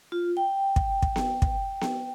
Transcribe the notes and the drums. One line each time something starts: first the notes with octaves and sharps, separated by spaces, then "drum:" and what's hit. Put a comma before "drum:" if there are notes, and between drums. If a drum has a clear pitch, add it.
F4
G5
drum: kick
drum: kick
drum: snare B3
drum: kick
drum: snare B3